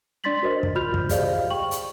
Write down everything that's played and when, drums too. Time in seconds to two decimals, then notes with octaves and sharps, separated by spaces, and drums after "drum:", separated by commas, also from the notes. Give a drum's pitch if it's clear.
0.24 D4 D5 C6 A6 B6 F#7
0.43 F#4 A#4 C5 D#5
0.63 drum: kick
0.75 F4 F#4 B5 F6 G6 F7
0.94 drum: kick
1.09 G4 G#4 C5 D5 D#5 F5, drum: kick, hi-hat
1.50 G5 C#6 F#7
1.71 drum: hi-hat